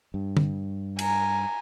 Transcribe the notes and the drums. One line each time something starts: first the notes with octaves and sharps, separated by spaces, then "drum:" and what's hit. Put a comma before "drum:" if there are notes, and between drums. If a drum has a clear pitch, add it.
G2
drum: tom D3
G#5 A#5, drum: cymbal